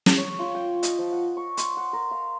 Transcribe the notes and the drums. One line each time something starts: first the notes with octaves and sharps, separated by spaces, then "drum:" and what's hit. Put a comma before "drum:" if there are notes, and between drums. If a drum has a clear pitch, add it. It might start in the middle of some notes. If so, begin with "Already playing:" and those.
drum: snare
C#5
F4
G5
D#5, drum: hi-hat
F3
F#5
C#6
C6, drum: hi-hat
F#5
A#4
F5